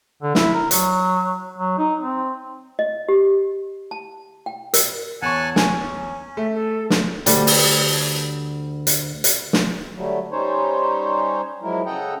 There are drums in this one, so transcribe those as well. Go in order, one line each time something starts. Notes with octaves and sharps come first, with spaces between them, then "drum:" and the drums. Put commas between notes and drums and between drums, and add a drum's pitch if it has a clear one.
D3
E4, drum: snare
A#4
F#3, drum: hi-hat
F#3
D#4
C4
D#5
G4
A5
G5
A#4, drum: hi-hat
E2 C#5 F#5 G#5 A5 C#6
C#4 G#5, drum: snare
A3 E5
A4
drum: snare
D2 G3, drum: hi-hat
drum: open hi-hat
drum: hi-hat
drum: hi-hat
drum: snare
D3 F#3 G3 A3
G3 C#4 D#4 C5 C#5
F3 F#3 G#3 E4 A#4
C#3 A4 D#5 F#5 G5 A#5